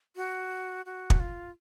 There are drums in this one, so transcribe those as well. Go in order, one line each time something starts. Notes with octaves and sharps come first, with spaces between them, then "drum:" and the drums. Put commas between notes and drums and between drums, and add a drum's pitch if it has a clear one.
F#4
F#4
drum: kick
F4